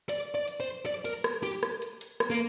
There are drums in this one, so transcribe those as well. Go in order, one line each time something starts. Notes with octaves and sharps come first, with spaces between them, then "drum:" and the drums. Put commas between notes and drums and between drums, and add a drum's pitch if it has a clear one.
D5, drum: hi-hat
D5
drum: hi-hat
C5
D5, drum: hi-hat
A#4, drum: hi-hat
drum: rim click
G4, drum: open hi-hat
drum: rim click
drum: hi-hat
drum: hi-hat
drum: rim click
A#3